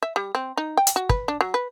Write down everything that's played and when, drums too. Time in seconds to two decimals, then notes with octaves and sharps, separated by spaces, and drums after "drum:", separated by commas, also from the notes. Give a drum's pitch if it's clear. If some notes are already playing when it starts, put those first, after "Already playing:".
0.02 E5
0.16 G3
0.35 C4
0.57 D#4
0.77 G5
0.87 drum: hi-hat
0.96 F#4
1.09 B4, drum: kick
1.28 D4
1.41 F#3
1.54 B4